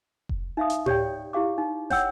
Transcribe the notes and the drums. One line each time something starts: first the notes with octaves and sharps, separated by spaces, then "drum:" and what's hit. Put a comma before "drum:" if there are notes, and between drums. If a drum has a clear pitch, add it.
drum: kick F1
D#4 E5 F5 D#6
drum: hi-hat
G4 C#5 D5 G5, drum: tom A2
E4 G4 F5 D6
D#4
C#5 F#5 G5 E6, drum: snare